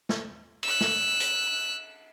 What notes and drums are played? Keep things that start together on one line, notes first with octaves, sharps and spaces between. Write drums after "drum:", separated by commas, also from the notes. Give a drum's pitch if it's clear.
drum: snare
E6 F#6, drum: cymbal
drum: snare
drum: hi-hat